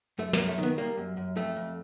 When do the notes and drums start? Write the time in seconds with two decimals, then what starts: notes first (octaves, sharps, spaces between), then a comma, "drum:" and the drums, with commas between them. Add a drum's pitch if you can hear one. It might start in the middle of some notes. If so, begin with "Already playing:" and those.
0.19 F#2 A3
0.33 A#3, drum: snare
0.39 F#2
0.48 A3
0.58 D#3
0.63 B3, drum: hi-hat
0.78 G3 A#3
0.98 F#2
1.17 F#2
1.37 F2 A3
1.57 F2